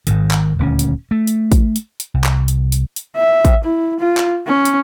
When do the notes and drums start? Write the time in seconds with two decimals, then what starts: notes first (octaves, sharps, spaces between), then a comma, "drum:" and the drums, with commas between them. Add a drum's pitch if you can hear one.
0.07 G#1 G#2 D#3, drum: hi-hat
0.31 drum: clap
0.59 D#1 D2 C#4
0.79 drum: hi-hat
1.11 A3
1.27 drum: hi-hat
1.52 drum: kick, hi-hat
1.76 drum: hi-hat
2.00 drum: hi-hat
2.14 C2
2.24 drum: clap
2.48 drum: hi-hat
2.72 drum: hi-hat
2.96 drum: hi-hat
3.17 E5
3.45 drum: kick, hi-hat
3.64 E4
4.00 F4
4.17 drum: clap
4.47 C#4
4.65 drum: hi-hat